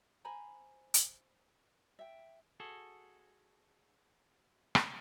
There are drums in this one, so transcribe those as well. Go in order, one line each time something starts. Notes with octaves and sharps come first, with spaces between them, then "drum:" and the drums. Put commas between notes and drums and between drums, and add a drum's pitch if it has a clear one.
C5 G#5 A#5 B5
drum: hi-hat
E5 G5
F#4 G#4 A4
drum: rim click